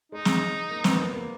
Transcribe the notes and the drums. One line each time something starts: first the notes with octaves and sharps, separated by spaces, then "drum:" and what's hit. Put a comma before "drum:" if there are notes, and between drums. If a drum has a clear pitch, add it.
G#3 D#4
drum: snare
A#3
B3, drum: snare
A#3
A#3